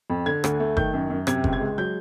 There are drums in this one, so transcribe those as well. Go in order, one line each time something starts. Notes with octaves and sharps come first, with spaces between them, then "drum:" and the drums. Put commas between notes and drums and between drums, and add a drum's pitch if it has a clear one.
F2
D3 G#6
D2, drum: rim click
A3
D#3 G6, drum: kick F#1
F#2
F#2
C3 G#6, drum: rim click
C#2, drum: kick F#1
G#6
G#3
F#3 G6